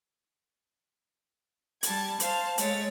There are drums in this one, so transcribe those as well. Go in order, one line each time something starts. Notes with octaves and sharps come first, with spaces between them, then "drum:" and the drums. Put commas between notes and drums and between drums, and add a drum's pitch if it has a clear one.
G3 A5 G#6, drum: hi-hat
C5 F5 A5, drum: hi-hat
G#3 A3 C#5 A6, drum: hi-hat